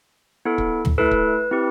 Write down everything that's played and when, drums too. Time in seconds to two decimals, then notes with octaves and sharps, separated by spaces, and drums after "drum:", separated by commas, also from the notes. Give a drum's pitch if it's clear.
0.45 B3 E4 A4
0.58 drum: kick
0.85 drum: tom
0.98 A3 E4 A4 B4
1.11 drum: kick
1.51 C4 E4 G4